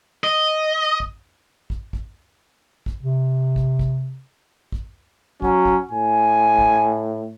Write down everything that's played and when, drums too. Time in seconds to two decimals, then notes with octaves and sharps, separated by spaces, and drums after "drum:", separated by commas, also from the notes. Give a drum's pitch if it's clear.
0.24 D#5
1.00 drum: kick
1.70 drum: kick
1.93 drum: kick
2.86 drum: kick
3.03 C3
3.56 drum: kick
3.79 drum: kick
4.72 drum: kick
5.42 F#3 C#4, drum: kick
5.65 drum: kick
5.91 A2 G#5
6.59 drum: kick